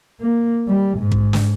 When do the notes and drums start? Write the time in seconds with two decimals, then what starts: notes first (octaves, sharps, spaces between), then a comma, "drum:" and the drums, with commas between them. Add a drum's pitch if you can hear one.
0.21 A#3
0.68 G3
0.99 G#2
1.11 drum: kick
1.33 drum: snare